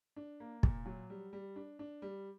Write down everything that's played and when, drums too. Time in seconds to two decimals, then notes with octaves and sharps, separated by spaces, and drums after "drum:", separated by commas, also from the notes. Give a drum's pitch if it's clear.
0.16 D4
0.40 A#3
0.63 A#2, drum: kick
0.86 F#3
1.10 G3
1.33 G3
1.56 D4
1.79 D4
2.02 G3